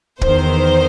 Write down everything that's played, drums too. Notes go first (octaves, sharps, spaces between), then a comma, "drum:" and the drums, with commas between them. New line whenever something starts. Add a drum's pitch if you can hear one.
E2 D#3 C5, drum: kick